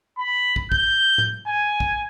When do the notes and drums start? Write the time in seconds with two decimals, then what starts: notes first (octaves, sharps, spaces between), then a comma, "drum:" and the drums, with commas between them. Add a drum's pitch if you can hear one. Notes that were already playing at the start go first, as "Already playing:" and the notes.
0.18 B5
0.56 drum: kick
0.72 G6, drum: kick
1.18 drum: tom A2
1.48 G#5
1.80 drum: kick